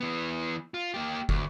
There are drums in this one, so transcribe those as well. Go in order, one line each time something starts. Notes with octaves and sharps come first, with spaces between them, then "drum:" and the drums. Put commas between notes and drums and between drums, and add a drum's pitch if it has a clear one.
E3 B3
F4
A#3 G4
D2, drum: kick